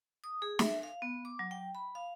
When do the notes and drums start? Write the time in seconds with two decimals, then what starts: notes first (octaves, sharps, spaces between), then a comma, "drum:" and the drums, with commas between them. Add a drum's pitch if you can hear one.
0.24 D#6
0.42 G#4
0.59 E5, drum: snare
0.83 F5
1.02 B3
1.25 D6
1.39 F#3
1.51 G5
1.75 B5
1.95 F5